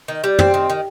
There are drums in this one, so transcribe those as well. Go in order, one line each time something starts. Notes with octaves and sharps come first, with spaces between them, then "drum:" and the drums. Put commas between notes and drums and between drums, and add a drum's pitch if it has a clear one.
D#3
G3
C4, drum: tom
D#3
D#3